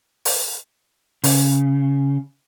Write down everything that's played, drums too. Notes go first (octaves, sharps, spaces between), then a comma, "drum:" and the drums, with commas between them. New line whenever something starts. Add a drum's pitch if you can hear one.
drum: open hi-hat
C#3, drum: open hi-hat